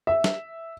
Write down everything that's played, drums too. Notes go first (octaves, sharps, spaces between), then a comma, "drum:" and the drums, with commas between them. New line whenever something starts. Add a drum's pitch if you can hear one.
E5
drum: snare